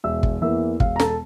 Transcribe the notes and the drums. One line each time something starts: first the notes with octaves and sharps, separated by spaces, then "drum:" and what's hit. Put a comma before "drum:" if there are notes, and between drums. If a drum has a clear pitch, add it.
E1 E5 E6
drum: kick
E2 E3 A#3 E5 E6
E1 F5, drum: kick
A#5
A4 A5, drum: snare